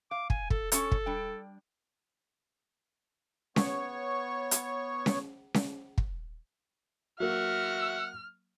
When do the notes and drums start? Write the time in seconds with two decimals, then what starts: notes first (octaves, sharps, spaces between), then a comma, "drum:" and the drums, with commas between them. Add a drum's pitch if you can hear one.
0.11 F5 D6
0.30 G#5, drum: kick
0.50 A4, drum: kick
0.72 C#4 A4 C#5, drum: hi-hat
0.92 drum: kick
1.06 G3 D4 G5
3.56 B3 C#5 C#6, drum: snare C#4
4.51 drum: hi-hat
5.06 drum: snare C#4
5.54 drum: snare C#4
5.98 drum: kick
7.20 F#3 A#3 F#4 E5 F#5 F6